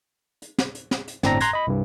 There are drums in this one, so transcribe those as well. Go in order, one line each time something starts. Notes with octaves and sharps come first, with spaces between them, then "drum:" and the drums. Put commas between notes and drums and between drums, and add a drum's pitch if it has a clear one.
drum: hi-hat
drum: snare
drum: hi-hat
drum: snare
drum: hi-hat
G1 A2 C4 D4 A#5 A#6, drum: snare
A#5 C6 F#6 G#6 A#6, drum: hi-hat
D#5 B5
C2 G2